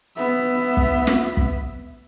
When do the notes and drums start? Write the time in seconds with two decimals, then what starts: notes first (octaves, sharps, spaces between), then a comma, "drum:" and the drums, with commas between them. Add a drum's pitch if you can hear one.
0.17 B3 E5
0.77 drum: kick
1.07 drum: snare
1.37 drum: kick